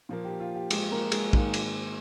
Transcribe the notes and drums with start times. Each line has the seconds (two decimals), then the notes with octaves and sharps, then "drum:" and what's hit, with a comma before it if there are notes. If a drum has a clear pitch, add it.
0.09 A#2 F3 A#3
0.25 G4
0.40 F4
0.55 G4
0.71 G#3 G#4, drum: cymbal
0.91 A#3 A#4
1.12 G#3 G#4, drum: cymbal
1.33 G#2 D#3 A#3, drum: kick
1.54 drum: cymbal